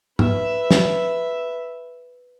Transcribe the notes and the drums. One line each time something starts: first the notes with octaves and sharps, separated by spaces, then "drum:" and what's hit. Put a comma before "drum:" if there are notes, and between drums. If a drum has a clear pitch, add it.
B4 E5, drum: tom
drum: snare